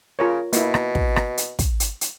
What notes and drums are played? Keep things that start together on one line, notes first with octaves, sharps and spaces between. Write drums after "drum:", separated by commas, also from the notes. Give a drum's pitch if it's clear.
C#3 F4 A#4 C#5
B2 A#3 E4, drum: hi-hat
drum: rim click
drum: kick
drum: rim click
drum: hi-hat
drum: kick, hi-hat
drum: hi-hat
drum: hi-hat